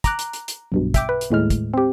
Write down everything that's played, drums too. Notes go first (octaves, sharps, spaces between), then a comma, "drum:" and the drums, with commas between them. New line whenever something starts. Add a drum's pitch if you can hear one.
A#5 D6 F#6, drum: kick, hi-hat
drum: hi-hat
drum: hi-hat
drum: hi-hat
B1 G2 B2
E5 G5 D6, drum: kick, hi-hat
B4
drum: hi-hat
D#2 A2 G#3 F6
drum: kick, hi-hat
C4 G4